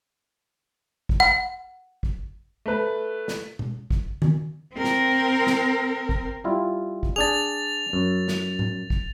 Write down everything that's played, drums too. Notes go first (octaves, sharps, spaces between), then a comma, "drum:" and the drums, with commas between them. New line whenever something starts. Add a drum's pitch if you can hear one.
drum: kick
F#5
drum: kick
A3 B4
drum: snare
drum: tom B2
drum: kick
drum: tom D#3
C4 A#4
drum: snare
drum: snare
drum: kick
G3 E4 F4
drum: kick
D4 G#4 A6 F7
F#2
drum: snare
drum: tom A2
drum: kick